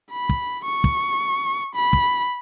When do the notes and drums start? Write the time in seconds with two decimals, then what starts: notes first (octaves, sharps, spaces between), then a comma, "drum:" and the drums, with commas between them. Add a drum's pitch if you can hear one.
0.11 B5
0.29 drum: kick
0.65 C#6
0.84 drum: kick
1.75 B5
1.93 drum: kick